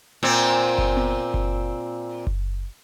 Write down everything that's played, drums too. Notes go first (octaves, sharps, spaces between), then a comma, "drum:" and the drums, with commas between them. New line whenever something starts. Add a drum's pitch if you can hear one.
A#2 C4
drum: kick F#1
drum: tom B3
drum: kick F#1
drum: kick F#1